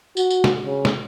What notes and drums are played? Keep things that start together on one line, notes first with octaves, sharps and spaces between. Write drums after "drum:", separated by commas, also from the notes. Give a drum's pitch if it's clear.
F#4, drum: tambourine
drum: tambourine
drum: snare
C#3
drum: snare